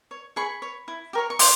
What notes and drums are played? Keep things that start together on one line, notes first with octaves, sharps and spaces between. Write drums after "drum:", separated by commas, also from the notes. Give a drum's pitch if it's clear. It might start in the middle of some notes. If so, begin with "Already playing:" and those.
C#5
G#4 B5 C#6
C#5
E4
G4 A#4 C#5
C#6
E4 C6 D6, drum: open hi-hat